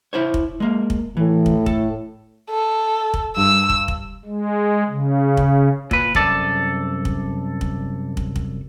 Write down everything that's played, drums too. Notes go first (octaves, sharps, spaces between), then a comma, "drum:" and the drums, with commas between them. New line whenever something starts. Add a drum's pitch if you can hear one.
E4 C5 C#5
drum: kick
G#3 A#3
drum: kick
A2 E3
drum: kick
A4, drum: kick
A4
drum: kick
G2 E6
drum: kick
drum: kick
G#3
C#3
drum: kick
A#2 B4, drum: kick
C2 F#2 A4 D5 A5, drum: kick
drum: kick
drum: kick
drum: kick
drum: kick